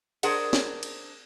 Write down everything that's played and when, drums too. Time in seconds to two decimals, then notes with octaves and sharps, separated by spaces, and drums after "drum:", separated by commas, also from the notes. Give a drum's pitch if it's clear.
0.23 D4 G#4 A#4 C5 F#5, drum: cymbal
0.53 drum: snare
0.83 drum: cymbal